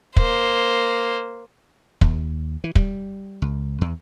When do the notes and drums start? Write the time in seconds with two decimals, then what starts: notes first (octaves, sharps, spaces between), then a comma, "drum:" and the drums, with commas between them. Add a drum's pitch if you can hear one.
0.16 A#3 C5, drum: kick
2.01 D#2, drum: kick
2.64 E3
2.75 G3, drum: kick
3.42 C#2
3.81 E2